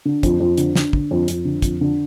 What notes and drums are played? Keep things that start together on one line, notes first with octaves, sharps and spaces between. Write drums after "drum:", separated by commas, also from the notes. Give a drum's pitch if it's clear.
D3
F2, drum: kick, hi-hat
F2
D3, drum: hi-hat
D3, drum: snare
D3, drum: kick
F2
F2, drum: hi-hat
D3
F2, drum: kick, hi-hat
D3